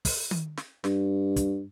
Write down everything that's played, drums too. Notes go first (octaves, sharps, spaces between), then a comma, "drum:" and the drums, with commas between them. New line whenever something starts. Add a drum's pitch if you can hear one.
drum: kick, open hi-hat
drum: tom D#3
drum: snare
G2, drum: snare
drum: kick, hi-hat